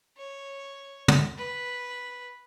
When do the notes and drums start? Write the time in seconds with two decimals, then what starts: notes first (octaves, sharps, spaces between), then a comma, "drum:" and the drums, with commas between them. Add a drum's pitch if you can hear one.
0.17 C#5
1.08 drum: tom
1.38 B4